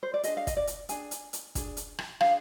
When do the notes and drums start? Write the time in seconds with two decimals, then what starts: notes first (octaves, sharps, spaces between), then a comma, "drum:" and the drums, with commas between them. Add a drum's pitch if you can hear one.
0.03 C5
0.14 D5
0.23 D4 G#4 D#5, drum: hi-hat
0.37 F5
0.47 D#5, drum: kick, hi-hat
0.57 D5
0.67 drum: hi-hat
0.89 D4 G#4 G#5, drum: hi-hat
1.11 drum: hi-hat
1.33 drum: hi-hat
1.55 D4 G#4, drum: kick, hi-hat
1.77 drum: hi-hat
1.99 drum: rim click
2.21 D4 G#4 F5, drum: rim click